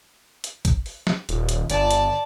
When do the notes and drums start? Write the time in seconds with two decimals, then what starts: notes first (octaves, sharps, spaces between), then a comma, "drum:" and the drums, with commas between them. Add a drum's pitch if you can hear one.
0.44 drum: hi-hat
0.65 drum: kick, hi-hat
0.86 drum: open hi-hat
1.07 drum: snare
1.29 D#1, drum: hi-hat
1.49 drum: hi-hat
1.70 G1 D5 A5, drum: hi-hat
1.91 drum: hi-hat